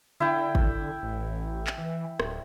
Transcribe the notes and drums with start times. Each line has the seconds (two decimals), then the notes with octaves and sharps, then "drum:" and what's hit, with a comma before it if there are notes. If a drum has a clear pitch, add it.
0.20 D3 E4 G5
0.55 drum: kick
1.03 A1
1.67 drum: clap
1.78 E3
2.20 D1, drum: rim click